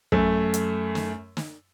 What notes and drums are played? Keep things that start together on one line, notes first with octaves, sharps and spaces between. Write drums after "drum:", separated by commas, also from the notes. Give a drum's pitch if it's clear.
F#2 A3, drum: kick
drum: hi-hat
drum: snare
drum: snare